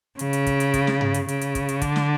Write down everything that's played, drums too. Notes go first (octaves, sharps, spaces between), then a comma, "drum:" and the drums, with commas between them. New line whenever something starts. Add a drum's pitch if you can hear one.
C#3, drum: hi-hat
drum: hi-hat
drum: kick, hi-hat
drum: hi-hat
drum: kick, hi-hat
drum: snare
drum: tom G2
drum: hi-hat
C#3, drum: hi-hat
drum: hi-hat
drum: kick, hi-hat
drum: hi-hat
D3, drum: kick, hi-hat
drum: snare